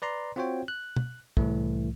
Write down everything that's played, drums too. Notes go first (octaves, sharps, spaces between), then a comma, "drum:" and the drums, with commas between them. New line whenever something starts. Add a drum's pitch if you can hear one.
B4 D5 A#5 C6
C4 F4 F#4 C5 C#5 G5
F#6
drum: tom
C2 A2 E3 A3, drum: kick